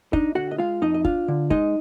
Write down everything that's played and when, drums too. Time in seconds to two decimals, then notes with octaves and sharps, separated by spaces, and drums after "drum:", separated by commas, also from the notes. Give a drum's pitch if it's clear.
0.13 D4 D#4 D#5, drum: kick
0.35 D3 F#4 F#5
0.51 D#5
0.58 G#3 F4 F5
0.82 F2 D#4 D#5
0.94 D#5
1.05 D4 F4 F5, drum: kick
1.28 D3
1.50 G#3 D#4 D#5, drum: kick